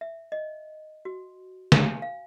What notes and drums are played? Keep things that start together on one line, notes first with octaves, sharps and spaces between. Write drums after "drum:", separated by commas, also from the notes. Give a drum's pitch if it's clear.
E5
D#5
F#4
F5, drum: snare
G#5
F5